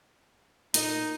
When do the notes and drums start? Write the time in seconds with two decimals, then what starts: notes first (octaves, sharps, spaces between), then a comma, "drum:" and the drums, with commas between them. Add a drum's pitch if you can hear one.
0.74 A#2 D#4 A#4 D#5, drum: hi-hat